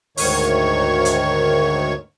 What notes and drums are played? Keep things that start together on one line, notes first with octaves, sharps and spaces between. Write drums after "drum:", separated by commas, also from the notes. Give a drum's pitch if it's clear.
D2 G#2 D#3 C#5 C#6, drum: open hi-hat
drum: hi-hat